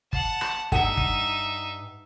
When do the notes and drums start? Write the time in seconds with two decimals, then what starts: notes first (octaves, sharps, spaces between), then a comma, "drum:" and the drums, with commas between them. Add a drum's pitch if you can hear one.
0.13 F#5 A5, drum: kick G1
0.41 drum: rim click
0.72 G2 D#4 E5 F#5, drum: kick G1
0.97 drum: kick G1